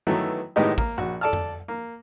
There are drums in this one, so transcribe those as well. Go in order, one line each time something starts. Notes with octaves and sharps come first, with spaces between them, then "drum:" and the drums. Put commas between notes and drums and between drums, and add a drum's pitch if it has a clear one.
D#3 E3 F#3 A3 B3
A2 D#3 G#3 B3 D#4 G4
A#3, drum: kick
A#1 F#4
A4 D5 A5 E6 F6
drum: tom F2
A#3